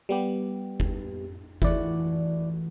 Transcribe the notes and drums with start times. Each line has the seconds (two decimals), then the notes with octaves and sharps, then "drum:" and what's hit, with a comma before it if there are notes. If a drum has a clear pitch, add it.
0.09 G3 B3 G4
0.80 drum: kick F#1
1.62 E3 A3 E4 F#4 D5, drum: kick F#1